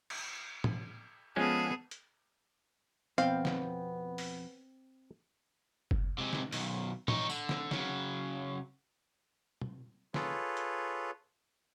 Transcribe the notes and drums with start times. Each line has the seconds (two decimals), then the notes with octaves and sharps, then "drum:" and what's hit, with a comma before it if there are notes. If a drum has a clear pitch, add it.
0.10 drum: cymbal
0.64 drum: tom
1.36 F3 G#3 B3 C#4 G#4 A4
1.91 drum: hi-hat
3.18 F2 B2 B3 C4 F5 G5, drum: hi-hat
3.45 drum: snare
4.18 drum: open hi-hat
5.91 drum: kick F#1
6.18 C3 G#3
6.33 drum: snare
6.53 B1 D#3, drum: open hi-hat
7.08 D#4 C#5, drum: tom
7.30 D3, drum: tambourine
7.49 drum: snare
7.71 C#3 F#3, drum: snare
9.61 drum: tom
10.14 F4 G#4 A4 B4 C#5, drum: snare
10.57 drum: hi-hat